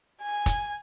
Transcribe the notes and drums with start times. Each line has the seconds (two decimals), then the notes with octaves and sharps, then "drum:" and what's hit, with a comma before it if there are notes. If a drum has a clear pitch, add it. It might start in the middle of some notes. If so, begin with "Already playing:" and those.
0.22 G#5
0.46 drum: kick, hi-hat